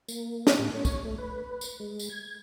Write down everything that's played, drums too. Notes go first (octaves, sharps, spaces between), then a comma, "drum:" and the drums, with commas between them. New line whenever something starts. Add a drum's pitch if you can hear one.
A#3, drum: tambourine
drum: snare
A2
C#5
drum: kick, tambourine
A3
B4
drum: tambourine
G#3
drum: tambourine
G#6